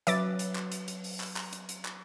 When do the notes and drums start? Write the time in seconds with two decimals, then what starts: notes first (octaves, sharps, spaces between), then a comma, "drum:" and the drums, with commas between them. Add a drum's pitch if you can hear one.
0.07 F#3 B4 E5 D6 A6, drum: hi-hat
0.39 drum: hi-hat
0.55 drum: clap
0.72 drum: hi-hat
0.88 drum: hi-hat
1.04 drum: open hi-hat
1.20 drum: clap
1.36 drum: clap
1.53 drum: hi-hat
1.69 drum: hi-hat
1.85 drum: clap